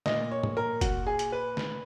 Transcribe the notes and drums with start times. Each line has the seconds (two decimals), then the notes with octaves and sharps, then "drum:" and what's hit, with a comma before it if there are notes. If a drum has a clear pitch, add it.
0.06 A#2 D#5, drum: snare
0.31 C#5
0.43 drum: tom
0.57 A#4
0.81 F#4, drum: kick, hi-hat
1.07 G#4
1.19 drum: hi-hat
1.32 B4
1.57 drum: snare